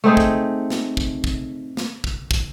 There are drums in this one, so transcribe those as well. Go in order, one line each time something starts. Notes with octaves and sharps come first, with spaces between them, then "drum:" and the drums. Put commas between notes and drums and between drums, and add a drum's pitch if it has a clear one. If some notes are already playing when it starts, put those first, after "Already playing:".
A3 C4 D#4 G#4
drum: kick
drum: snare
drum: kick
drum: kick
drum: snare
drum: kick
drum: kick